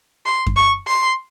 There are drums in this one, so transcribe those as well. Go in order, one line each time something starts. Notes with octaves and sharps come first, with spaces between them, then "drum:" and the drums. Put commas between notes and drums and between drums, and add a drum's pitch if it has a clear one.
C6
drum: kick F#2
C#6
C6